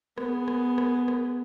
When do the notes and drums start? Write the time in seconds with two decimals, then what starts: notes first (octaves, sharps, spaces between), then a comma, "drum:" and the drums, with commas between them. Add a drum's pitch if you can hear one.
0.18 B3 G#4, drum: rim click
0.48 drum: rim click
0.78 drum: rim click
1.08 drum: rim click